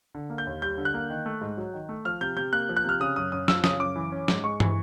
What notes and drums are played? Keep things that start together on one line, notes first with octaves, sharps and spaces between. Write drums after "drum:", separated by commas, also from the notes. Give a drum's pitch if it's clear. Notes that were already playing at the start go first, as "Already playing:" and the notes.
D3
A#3
G6
D#2
G3 G6
D3
F#6
A#3
D#3
A3
G#2
F#3
D#3
A3
F3 F6
C3 G6
C3 G6
A#3 F#6
F3
F#6
C3 F6
C#3 D#6
F#2 D#6
F#2 D#6
F3 E6, drum: snare
C#3 D#6, drum: snare
F#2 D6
E3
C#4
G#2, drum: snare
G#3 C#6
E3, drum: tom